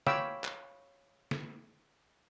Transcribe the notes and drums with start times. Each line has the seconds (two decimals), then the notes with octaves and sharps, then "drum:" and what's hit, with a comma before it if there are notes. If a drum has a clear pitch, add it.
0.07 C#5 F5 G5 B5 D6 E6, drum: snare
0.44 drum: clap
1.31 drum: snare